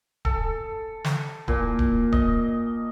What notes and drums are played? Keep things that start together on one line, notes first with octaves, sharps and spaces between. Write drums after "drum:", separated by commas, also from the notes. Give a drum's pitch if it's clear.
A4, drum: kick D1
drum: snare
A#2, drum: kick D1
drum: kick D1
D#5, drum: kick D1